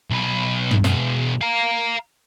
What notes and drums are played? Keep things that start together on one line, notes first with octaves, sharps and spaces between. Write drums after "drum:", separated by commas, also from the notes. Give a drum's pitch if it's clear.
B1 B4
drum: tom
B2 G#3, drum: snare
F5 A#5